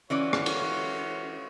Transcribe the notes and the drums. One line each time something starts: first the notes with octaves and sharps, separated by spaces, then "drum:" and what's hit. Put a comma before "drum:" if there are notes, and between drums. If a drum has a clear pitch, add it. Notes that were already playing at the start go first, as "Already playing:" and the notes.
E3 C#4 F4 F#4 C#5 D5
drum: rim click
drum: cymbal